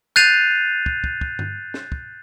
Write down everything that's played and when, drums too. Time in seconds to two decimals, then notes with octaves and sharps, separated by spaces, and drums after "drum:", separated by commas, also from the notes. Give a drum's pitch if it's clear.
0.16 F#6 G6 A6 C7 D#7 F7
0.86 drum: kick
1.04 drum: kick
1.21 drum: kick
1.39 drum: tom G2
1.74 drum: snare
1.92 drum: kick